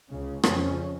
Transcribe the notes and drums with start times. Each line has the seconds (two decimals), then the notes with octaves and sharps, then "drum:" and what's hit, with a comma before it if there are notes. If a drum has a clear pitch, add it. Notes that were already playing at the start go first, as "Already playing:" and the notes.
0.10 C#2 C#3
0.43 F2 C#3 C#4, drum: rim click